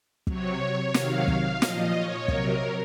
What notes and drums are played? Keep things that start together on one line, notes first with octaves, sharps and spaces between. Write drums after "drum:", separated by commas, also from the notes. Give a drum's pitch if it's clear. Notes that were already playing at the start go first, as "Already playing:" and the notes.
C3 F#3 C#5, drum: kick
C3 D#3 F#3 F5, drum: snare
F5, drum: kick
A#2 F3 D#5, drum: snare
C#5
C3 F#3 A#4, drum: kick